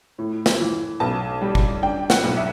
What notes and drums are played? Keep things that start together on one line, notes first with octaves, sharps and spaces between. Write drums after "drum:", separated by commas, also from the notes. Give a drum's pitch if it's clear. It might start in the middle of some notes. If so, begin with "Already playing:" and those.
A2
drum: snare
E3
B1 A5
G3
drum: kick
D4 G5
F#5, drum: snare
B1
E5